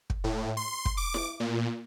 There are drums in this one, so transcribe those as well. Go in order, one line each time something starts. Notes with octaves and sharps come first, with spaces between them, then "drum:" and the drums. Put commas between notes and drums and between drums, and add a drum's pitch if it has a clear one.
drum: kick
A2
C6
drum: kick
D6
drum: snare E4
A#2